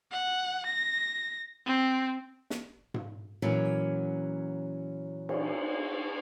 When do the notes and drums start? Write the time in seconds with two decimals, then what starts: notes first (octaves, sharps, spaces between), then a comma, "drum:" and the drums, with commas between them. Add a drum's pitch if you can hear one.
0.12 F#5
0.66 A#6
1.66 C4
2.50 drum: snare
2.94 drum: tom G#2
3.42 A#2 E3 F#3 C#4
5.29 drum: cymbal